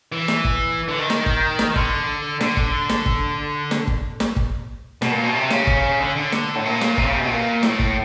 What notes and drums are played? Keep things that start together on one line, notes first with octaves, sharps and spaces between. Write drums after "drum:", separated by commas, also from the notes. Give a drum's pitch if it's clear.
E3
drum: snare
drum: kick
D3
D#3
drum: snare
drum: kick
drum: snare
D#3
D3, drum: kick
D3, drum: snare
drum: kick
drum: snare
drum: kick
drum: snare
drum: kick
drum: snare
drum: kick
B2, drum: snare
A#2
B2
C3
C#3, drum: snare
drum: kick
D3
D3
drum: snare
A2
A#2
drum: snare
C3, drum: kick
C#3
C3
B2
A#2
A2, drum: snare
drum: kick